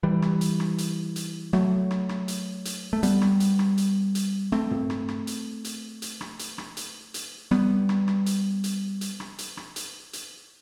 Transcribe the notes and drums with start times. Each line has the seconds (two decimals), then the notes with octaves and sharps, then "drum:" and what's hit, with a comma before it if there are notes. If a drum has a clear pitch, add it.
0.03 E3 G3
0.22 drum: rim click
0.41 drum: hi-hat
0.60 drum: rim click
0.78 drum: hi-hat
1.16 drum: hi-hat
1.53 F#3 A3, drum: rim click
1.91 drum: rim click
2.09 drum: rim click
2.28 drum: hi-hat
2.65 drum: hi-hat
2.93 A3
3.03 G3 B3, drum: hi-hat
3.21 drum: rim click
3.40 drum: hi-hat
3.59 drum: rim click
3.78 drum: hi-hat
4.15 drum: hi-hat
4.52 A3 C4, drum: rim click
4.71 drum: tom
4.90 drum: rim click
5.08 drum: rim click
5.27 drum: hi-hat
5.65 drum: hi-hat
6.02 drum: hi-hat
6.21 drum: rim click
6.39 drum: hi-hat
6.58 drum: rim click
6.77 drum: hi-hat
7.14 drum: hi-hat
7.51 G3 B3, drum: rim click
7.89 drum: rim click
8.08 drum: rim click
8.26 drum: hi-hat
8.64 drum: hi-hat
9.01 drum: hi-hat
9.20 drum: rim click
9.38 drum: hi-hat
9.57 drum: rim click
9.76 drum: hi-hat
10.13 drum: hi-hat